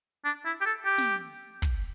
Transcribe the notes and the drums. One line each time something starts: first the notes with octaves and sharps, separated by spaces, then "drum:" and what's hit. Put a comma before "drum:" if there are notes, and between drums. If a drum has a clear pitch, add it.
D4
E4
G4
A4
G4
drum: snare
drum: kick